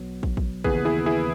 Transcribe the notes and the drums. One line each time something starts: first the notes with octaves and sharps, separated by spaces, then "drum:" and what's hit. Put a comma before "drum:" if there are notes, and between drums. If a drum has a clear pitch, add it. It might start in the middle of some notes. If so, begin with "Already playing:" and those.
Already playing: B1 B2 F#3 B3
drum: kick
drum: kick
D#2 C#3 E3 B3 G#4 B4, drum: kick
E4 G#4
E4 G#4